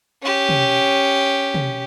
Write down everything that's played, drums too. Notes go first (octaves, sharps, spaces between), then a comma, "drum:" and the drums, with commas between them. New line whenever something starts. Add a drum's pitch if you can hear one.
C#4 G4
drum: tom
drum: tom